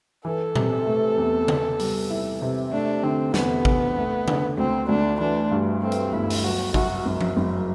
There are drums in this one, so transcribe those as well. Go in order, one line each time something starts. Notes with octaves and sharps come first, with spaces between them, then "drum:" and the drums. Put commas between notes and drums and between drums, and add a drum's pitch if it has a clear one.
E3 A4
C3, drum: tom A#2
A3
E2
B3, drum: tom C#3
G3, drum: open hi-hat
E4
C3
A3 D4
D3 C4
E2 B3, drum: snare
E2, drum: kick
A3
D3, drum: tom C#3
D2 C4
D2 D4
E3 D4
G2
A3 C4
drum: hi-hat
G1 E4
drum: open hi-hat
F#3 F#4
F#2 F#4, drum: kick
F#1
drum: tom F3
F#1